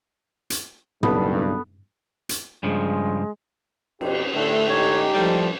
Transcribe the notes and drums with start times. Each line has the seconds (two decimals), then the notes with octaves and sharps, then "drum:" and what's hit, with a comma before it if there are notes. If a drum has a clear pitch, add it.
0.50 drum: hi-hat
1.03 F#1 B1 G2 B3 A4 B5, drum: tom
2.29 drum: hi-hat
2.63 G2 C#3 F3 G#3
4.01 F2 B2 G4, drum: cymbal
4.35 A2 D3 A3
4.69 G#3 D#4 G4 C#5
5.14 A2 F3 G3